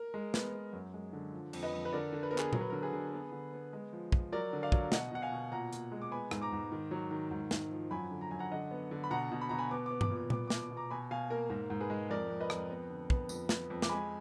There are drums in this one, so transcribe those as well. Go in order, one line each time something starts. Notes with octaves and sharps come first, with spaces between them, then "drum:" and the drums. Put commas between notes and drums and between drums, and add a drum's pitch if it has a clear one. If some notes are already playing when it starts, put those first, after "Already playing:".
Already playing: A#4
G#3
B3, drum: snare
B3
F#2
G#3
D3
F3
F2, drum: cymbal
B4 D#5
F2
B4
D3 A#4 D5
D3
B4
B3 A#4
G#4 B4, drum: clap
F#3 A#4, drum: tom A#2
B4
D3 A#4
G#4 B4
D3
B3
D3
B3
G#3
F3
F3, drum: kick
F#3 A#4 D5
D3
D5 F5
F#3, drum: kick
B2 D#5 F#5, drum: snare
B2 F#5
F5 G#5
B2
A#2 F#5 A#5
A#2, drum: hi-hat
G#3
D6
B3 G#5 B5
G#2, drum: rim click
A#5 D6
G#2
D#3
F#3
D#3
G#2
G#2, drum: snare
F3
F#2 G#5 B5
D3
A#5
F#2 G#5
F#5 A#5
D3 D#5 F#5
B3
D3
B5
B2 F#5 A#5
B2
B5
B2 A#5
G#5 B5
B3 D6
D6
B3
D6, drum: tom G2
A#2
D6
B3 D6, drum: tom A#2
D6
B2, drum: snare
D6
B2
A#5 D6
B2 G#5 B5
B2 F5 G#5
A#3 A#4
G#2 A#4
G#2
G#4 B4
G#3
F2 A#4 D5
F2
B4 D#5
F2, drum: rim click
B3
D3
B3, drum: kick
F2, drum: tambourine
B3, drum: snare
F2
D6, drum: snare
G#3 G#5 B5